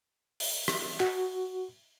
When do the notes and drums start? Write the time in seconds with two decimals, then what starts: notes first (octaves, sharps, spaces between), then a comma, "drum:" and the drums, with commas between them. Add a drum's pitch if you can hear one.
0.40 drum: open hi-hat
0.68 drum: rim click
1.00 F#4, drum: clap